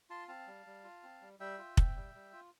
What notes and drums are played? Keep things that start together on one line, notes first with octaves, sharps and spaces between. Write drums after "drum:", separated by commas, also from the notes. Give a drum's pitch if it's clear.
F4 A5 C6
C4 F5 A5
G3
G3
F4
C4
G3
G3 E5 G5
F4
C4, drum: kick
G3
G3
F4